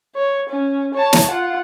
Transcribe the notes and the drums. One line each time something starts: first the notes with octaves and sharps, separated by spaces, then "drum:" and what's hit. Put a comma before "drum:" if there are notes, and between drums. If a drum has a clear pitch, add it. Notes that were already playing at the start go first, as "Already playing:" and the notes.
C#5
C#4
C#5 A5
drum: snare
F4 F#5